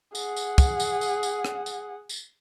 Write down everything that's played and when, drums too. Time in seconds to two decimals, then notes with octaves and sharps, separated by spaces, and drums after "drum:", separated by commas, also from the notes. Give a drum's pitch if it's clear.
0.15 G#4 F#5, drum: tambourine
0.36 drum: tambourine
0.58 drum: kick, tambourine
0.80 drum: tambourine
1.01 drum: tambourine
1.23 drum: tambourine
1.45 drum: rim click
1.66 drum: tambourine
2.09 drum: tambourine